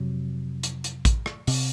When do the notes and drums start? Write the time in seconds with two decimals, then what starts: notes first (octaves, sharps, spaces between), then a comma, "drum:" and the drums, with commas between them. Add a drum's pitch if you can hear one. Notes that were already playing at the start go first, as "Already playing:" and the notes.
Already playing: F2 C3 F#3
0.63 drum: hi-hat
0.84 drum: hi-hat
1.05 drum: kick A1, hi-hat
1.26 drum: rim click
1.47 C3, drum: open hi-hat